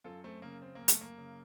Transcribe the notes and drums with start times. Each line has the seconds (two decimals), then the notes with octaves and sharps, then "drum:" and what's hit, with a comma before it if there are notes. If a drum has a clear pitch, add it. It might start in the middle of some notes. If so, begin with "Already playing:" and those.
0.04 F#2 F4 A4
0.24 A3 C4
0.42 C#3 A#3
0.62 C4
0.75 F#2 A#3
0.88 A3, drum: hi-hat
1.01 A#3
1.18 C#3